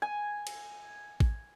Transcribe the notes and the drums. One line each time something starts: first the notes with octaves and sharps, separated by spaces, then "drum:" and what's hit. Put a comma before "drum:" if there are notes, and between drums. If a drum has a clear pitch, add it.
G#5
drum: cymbal
drum: kick A1